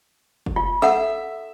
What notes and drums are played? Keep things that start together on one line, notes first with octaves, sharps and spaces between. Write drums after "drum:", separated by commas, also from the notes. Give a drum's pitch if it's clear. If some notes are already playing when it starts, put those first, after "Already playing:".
drum: kick
F4
A4 E5 F#5, drum: snare